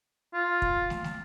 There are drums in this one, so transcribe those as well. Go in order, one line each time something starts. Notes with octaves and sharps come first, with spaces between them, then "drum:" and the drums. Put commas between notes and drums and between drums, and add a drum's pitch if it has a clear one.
F4
drum: kick
drum: snare
drum: snare